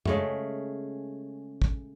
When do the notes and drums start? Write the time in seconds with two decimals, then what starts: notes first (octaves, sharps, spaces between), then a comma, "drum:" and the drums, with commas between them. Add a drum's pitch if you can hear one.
0.05 C#3 G#3 A3, drum: tom F#2
1.62 drum: kick